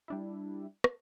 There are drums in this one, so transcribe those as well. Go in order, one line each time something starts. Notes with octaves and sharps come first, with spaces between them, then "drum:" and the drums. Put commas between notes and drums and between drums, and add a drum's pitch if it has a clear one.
G3 D4 E4
drum: rim click